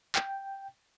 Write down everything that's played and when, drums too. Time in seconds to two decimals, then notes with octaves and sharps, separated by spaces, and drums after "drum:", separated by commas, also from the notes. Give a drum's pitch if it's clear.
0.16 G5, drum: clap